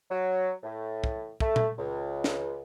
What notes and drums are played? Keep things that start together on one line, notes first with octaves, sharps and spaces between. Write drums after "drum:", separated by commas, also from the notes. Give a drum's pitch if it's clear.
F#3
A2
drum: kick
A3, drum: kick
drum: tom A#2
C#2
drum: snare